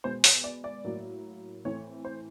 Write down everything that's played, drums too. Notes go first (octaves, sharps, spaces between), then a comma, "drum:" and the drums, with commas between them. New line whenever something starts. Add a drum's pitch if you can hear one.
B2 G#3 B3 C5
C#5, drum: open hi-hat
D5
D5
A2 F#3 A#3
A2 E3 A3 C4 C#5
C5